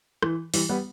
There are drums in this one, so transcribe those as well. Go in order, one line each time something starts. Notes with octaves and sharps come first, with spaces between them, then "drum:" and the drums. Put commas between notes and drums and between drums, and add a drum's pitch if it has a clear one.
E3, drum: rim click
E3 G3, drum: open hi-hat
G3 B3